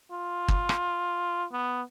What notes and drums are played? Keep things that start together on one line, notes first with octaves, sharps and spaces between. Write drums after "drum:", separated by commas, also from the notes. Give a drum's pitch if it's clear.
F4
drum: kick
drum: rim click
B3